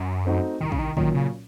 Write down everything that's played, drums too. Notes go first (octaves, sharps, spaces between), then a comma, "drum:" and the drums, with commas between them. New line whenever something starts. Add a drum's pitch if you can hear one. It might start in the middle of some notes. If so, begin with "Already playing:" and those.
Already playing: F#2
A3 C4 D#4 F#4
C2 D#3
C#3, drum: kick
D#3
A#2 D#3 F#3 A#3 C#4, drum: kick
C#3